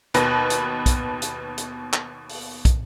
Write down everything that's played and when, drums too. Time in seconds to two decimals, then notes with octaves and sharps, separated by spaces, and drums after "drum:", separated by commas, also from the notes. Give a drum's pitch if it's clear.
0.14 D#2 B2 B4 A#6, drum: hi-hat
0.50 drum: hi-hat
0.86 drum: kick, hi-hat
1.22 drum: hi-hat
1.58 drum: hi-hat
1.93 drum: clap
2.29 drum: open hi-hat
2.65 drum: kick, hi-hat